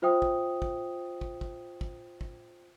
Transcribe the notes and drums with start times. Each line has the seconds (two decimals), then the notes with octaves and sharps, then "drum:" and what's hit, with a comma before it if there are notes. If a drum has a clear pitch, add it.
0.02 F4 C5 E5 G5 D#6
0.22 drum: kick
0.62 drum: kick
1.21 drum: kick
1.41 drum: kick
1.81 drum: kick
2.21 drum: kick